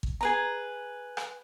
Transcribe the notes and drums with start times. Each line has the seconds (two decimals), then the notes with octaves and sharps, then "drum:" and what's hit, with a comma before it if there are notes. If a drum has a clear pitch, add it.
0.03 drum: kick
0.21 G#4 B4 A#5
1.17 drum: rim click